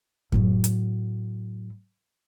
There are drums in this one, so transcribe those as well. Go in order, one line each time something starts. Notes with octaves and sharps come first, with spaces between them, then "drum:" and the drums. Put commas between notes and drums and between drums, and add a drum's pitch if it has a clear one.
A2 F#3, drum: kick F#2
drum: hi-hat